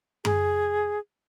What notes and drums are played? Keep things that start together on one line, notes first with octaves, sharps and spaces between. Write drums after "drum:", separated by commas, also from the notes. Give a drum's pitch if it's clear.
G#4, drum: tom F#2